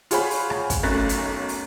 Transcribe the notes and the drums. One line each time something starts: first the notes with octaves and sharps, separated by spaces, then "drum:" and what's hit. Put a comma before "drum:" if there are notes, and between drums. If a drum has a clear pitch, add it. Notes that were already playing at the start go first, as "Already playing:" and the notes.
F4 G#4 C5 C#5 F#5 B5, drum: hi-hat
drum: open hi-hat
drum: rim click
drum: kick, hi-hat
B1 F#2 A3 F#6 A6 A#6
drum: hi-hat
drum: open hi-hat